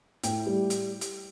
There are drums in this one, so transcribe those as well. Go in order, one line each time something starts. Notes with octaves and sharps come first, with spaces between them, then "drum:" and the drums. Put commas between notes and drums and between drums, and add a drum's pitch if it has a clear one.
A2 G5, drum: hi-hat
G3
drum: hi-hat
drum: hi-hat